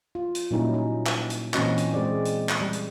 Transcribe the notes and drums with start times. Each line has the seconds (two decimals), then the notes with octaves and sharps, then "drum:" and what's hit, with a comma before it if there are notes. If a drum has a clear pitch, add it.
0.15 F4
0.35 drum: hi-hat
0.51 A#2 F#3 G3 C#4 D#4 E4
0.74 D#4
1.06 drum: clap
1.30 drum: hi-hat
1.54 A#2 E3 C4 C#4 F#4 D#5, drum: clap
1.78 drum: hi-hat
1.94 G#3 C4 G#4 C5 D5
2.25 drum: hi-hat
2.49 drum: clap
2.61 G3
2.73 drum: hi-hat